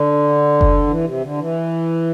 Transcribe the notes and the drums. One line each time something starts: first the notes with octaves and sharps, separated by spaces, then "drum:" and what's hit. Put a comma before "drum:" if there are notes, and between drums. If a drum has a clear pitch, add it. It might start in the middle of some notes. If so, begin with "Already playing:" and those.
Already playing: D3
drum: kick F#1
E3
C3
D3
E3